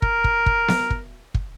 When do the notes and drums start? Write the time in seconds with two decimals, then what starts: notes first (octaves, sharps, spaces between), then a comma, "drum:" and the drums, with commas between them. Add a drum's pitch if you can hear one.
0.02 A#4, drum: kick
0.24 drum: kick
0.46 drum: kick
0.68 drum: snare B3
0.90 drum: kick
1.34 drum: kick